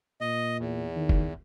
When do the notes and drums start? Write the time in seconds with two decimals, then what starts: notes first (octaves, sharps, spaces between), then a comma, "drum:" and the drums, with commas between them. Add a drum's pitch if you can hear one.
0.21 A#2 D#5
0.58 E2
0.96 D#3
1.09 drum: kick F1